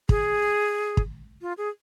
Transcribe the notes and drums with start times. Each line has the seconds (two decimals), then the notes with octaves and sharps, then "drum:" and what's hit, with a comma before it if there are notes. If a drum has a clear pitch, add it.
0.09 G#4, drum: kick
0.97 drum: kick
1.42 F4
1.58 G#4